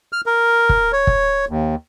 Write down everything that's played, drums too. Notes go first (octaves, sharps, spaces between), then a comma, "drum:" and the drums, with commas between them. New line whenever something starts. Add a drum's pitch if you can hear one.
F6
A#4
drum: kick
C#5
drum: kick
D#2